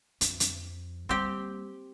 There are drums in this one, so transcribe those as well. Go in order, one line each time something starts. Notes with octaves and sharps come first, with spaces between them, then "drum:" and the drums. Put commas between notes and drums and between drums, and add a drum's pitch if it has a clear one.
F2, drum: hi-hat
drum: hi-hat
G3 A#3 C4 G4